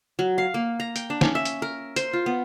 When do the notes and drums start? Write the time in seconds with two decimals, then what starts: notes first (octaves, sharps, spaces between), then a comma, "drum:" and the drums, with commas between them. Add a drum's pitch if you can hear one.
0.19 F#3
0.38 F5
0.54 A#3
0.80 A#5
0.96 G5, drum: hi-hat
1.10 D4
1.21 C#4, drum: snare
1.35 E5
1.45 drum: hi-hat
1.62 A#4
1.96 C5, drum: hi-hat
2.13 F4
2.26 B3